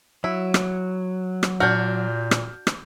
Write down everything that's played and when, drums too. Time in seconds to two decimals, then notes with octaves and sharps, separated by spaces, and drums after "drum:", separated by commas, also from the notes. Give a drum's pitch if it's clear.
0.24 F#3 E4
0.54 drum: rim click
1.43 drum: rim click
1.60 A#2 D4 F#4 F6 G6
2.31 drum: rim click
2.67 drum: rim click